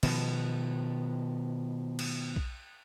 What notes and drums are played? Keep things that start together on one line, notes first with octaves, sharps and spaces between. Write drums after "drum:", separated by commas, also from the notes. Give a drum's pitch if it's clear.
B2 D#3 F3, drum: cymbal
drum: cymbal
drum: kick A#1